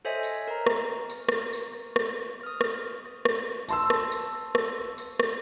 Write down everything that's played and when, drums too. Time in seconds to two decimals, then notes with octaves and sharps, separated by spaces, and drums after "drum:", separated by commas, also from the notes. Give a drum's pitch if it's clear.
0.05 A4 C5 C#5 D#5 E5 G#5
0.23 drum: tambourine
0.48 A#4 A#5
0.66 drum: rim click
1.10 drum: tambourine
1.29 A#4, drum: rim click
1.53 drum: tambourine
1.96 drum: rim click
2.43 D#6 F6
2.61 drum: rim click
3.25 drum: rim click
3.69 A5 C6 E6, drum: tambourine
3.90 drum: rim click
4.12 drum: tambourine
4.55 drum: rim click
4.98 drum: tambourine
5.20 drum: rim click